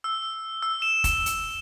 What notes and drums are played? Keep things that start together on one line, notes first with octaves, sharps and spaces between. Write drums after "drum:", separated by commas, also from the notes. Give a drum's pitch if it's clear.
E6
E6
E7
drum: kick, hi-hat
drum: hi-hat